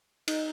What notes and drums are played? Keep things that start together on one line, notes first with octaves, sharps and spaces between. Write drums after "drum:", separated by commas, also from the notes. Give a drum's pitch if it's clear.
D#4, drum: cymbal